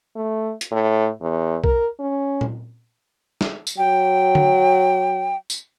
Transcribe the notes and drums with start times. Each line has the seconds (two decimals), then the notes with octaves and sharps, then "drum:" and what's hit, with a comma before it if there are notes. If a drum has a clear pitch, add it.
0.16 A3
0.61 drum: hi-hat
0.71 A2
1.21 E2
1.64 A#4, drum: kick B1
1.99 C#4
2.41 drum: tom A#2
3.41 drum: snare
3.67 drum: tambourine
3.78 F#3 G5
4.35 drum: tom D3
5.50 drum: tambourine